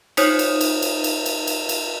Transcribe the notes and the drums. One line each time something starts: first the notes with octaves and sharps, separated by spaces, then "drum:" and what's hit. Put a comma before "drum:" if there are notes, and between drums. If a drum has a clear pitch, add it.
D#4 C5 C#5 D#6 G6 B6, drum: cymbal
drum: cymbal
drum: cymbal
drum: cymbal
drum: cymbal
drum: cymbal
drum: cymbal
drum: cymbal